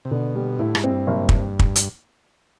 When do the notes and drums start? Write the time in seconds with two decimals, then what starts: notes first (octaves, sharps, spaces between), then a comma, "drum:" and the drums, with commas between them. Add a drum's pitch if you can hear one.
0.05 C3
0.11 B2 D3
0.35 G3
0.59 A2 E4
0.75 G#2, drum: rim click
0.84 C4
0.92 G2
1.07 F#1
1.29 drum: kick
1.59 drum: kick
1.76 drum: hi-hat